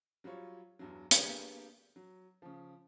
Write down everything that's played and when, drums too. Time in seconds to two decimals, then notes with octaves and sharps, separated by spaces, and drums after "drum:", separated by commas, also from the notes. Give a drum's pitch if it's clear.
0.24 F#3 G3 F4 C#5
0.79 E2 G2 F#3
1.11 A#3 B3 D4 G4 G#4, drum: hi-hat
1.96 F#3
2.42 C#3 F3